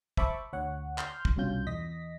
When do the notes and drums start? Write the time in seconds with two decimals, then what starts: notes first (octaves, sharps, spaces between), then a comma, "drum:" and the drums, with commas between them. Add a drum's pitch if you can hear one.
0.17 C5 E5 A5 B5 C#6 D6, drum: kick
0.53 D2 C#5 F#5
0.98 C6 F6 G6, drum: clap
1.25 drum: kick
1.36 C2 G2 B2 C#4 F4 G6
1.67 E2 D#5 A#6 B6